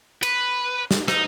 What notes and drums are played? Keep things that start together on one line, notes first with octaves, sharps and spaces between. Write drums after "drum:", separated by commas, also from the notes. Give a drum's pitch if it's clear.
B4, drum: cymbal
drum: snare
D#4, drum: rim click